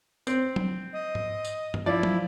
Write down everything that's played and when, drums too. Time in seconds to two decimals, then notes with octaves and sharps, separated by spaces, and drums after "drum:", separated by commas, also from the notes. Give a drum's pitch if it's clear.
0.27 C4, drum: tambourine
0.56 drum: tom F#3
0.93 D#5
1.15 drum: tom G#2
1.45 drum: tambourine
1.74 drum: tom G2
1.86 F3 E4 D5
2.03 drum: tom F#3